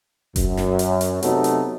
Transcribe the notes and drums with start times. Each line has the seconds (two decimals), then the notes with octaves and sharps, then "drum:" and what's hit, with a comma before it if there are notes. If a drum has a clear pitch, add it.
0.36 F#2, drum: kick F1, hi-hat
0.57 drum: snare
0.79 drum: hi-hat
1.01 drum: hi-hat
1.23 C3 F#3 A3 B3 D#4, drum: hi-hat
1.44 drum: hi-hat